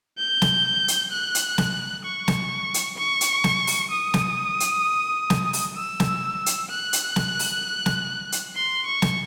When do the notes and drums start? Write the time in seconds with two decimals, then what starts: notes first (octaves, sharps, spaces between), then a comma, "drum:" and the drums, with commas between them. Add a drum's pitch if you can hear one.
0.18 G6
0.42 drum: snare
0.88 drum: hi-hat
1.12 F#6
1.35 drum: hi-hat
1.58 drum: snare
2.05 C#6
2.28 drum: snare
2.74 drum: hi-hat
2.97 C#6
3.21 drum: hi-hat
3.44 drum: snare
3.67 drum: open hi-hat
3.91 D#6
4.14 drum: snare
4.60 drum: hi-hat
5.30 drum: snare
5.53 drum: open hi-hat
5.76 E6
6.00 drum: snare
6.46 drum: hi-hat
6.69 F#6
6.93 drum: hi-hat
7.16 drum: snare
7.39 drum: open hi-hat
7.86 drum: snare
8.32 drum: hi-hat
8.55 C6
8.86 C#6
9.02 drum: snare